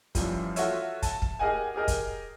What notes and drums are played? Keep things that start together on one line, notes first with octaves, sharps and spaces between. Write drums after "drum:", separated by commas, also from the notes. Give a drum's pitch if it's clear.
F#2 E3 F3 G3, drum: kick, hi-hat
F4 F#4 A4 C#5 E5, drum: hi-hat
A5, drum: kick, hi-hat
drum: kick
G4 G#4 A#4 D#5 F#5 G#5
G4 G#4 A#4 D#5
drum: kick, hi-hat